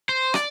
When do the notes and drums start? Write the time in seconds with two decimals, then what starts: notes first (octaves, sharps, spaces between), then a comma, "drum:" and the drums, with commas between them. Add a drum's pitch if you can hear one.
0.09 C5
0.34 D5, drum: rim click